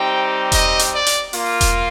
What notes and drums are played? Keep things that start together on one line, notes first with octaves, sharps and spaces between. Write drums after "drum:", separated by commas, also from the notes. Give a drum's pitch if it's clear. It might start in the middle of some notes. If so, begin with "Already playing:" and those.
Already playing: G3 C4 D#4 G4 G5
D#5, drum: kick E1, hi-hat
drum: hi-hat
D5
drum: hi-hat
A#3 F4, drum: open hi-hat
drum: kick E1, hi-hat